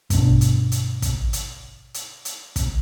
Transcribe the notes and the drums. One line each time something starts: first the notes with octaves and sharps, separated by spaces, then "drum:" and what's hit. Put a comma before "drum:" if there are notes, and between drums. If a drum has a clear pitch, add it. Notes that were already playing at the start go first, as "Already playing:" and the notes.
G2 B2 D3, drum: kick, hi-hat
drum: hi-hat
drum: hi-hat
drum: kick, hi-hat
drum: hi-hat
drum: hi-hat
drum: hi-hat
drum: kick, hi-hat